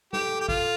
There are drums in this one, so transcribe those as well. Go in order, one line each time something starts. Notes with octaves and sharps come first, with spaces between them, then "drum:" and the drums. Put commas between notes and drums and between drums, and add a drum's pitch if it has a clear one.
G4 A4, drum: snare
A4
G4
F4 A4, drum: kick G#1